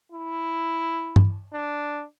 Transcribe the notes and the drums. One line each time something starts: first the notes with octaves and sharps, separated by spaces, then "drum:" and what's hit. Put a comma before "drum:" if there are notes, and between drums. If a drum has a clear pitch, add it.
E4
drum: tom G2
D4